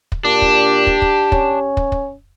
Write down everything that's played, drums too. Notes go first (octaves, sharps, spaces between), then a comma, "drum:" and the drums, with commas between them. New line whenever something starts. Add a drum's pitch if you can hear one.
drum: kick
A#2 D4 G4
drum: kick
drum: kick
drum: kick
C#4, drum: kick
drum: kick
drum: kick